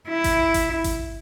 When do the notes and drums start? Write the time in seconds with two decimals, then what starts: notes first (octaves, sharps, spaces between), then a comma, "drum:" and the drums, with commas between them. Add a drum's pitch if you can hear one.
0.09 E4
0.24 drum: kick G#1, hi-hat
0.54 drum: kick G#1, hi-hat
0.84 drum: kick G#1, hi-hat